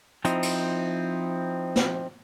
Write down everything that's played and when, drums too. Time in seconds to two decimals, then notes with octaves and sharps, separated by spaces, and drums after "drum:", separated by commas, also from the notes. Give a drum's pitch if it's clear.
0.25 F3 C4 D#4 E4, drum: hi-hat
0.43 drum: cymbal
1.76 drum: snare